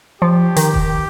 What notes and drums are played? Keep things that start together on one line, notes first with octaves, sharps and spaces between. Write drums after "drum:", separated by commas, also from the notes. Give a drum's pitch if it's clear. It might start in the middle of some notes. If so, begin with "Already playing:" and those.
F3 G4
D#3, drum: hi-hat
drum: kick E1